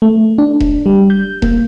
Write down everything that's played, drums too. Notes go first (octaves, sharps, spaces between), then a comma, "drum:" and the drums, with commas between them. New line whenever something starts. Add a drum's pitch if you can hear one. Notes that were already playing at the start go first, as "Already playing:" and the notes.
A3
D4
drum: kick E1
G3
G6
A#3, drum: kick E1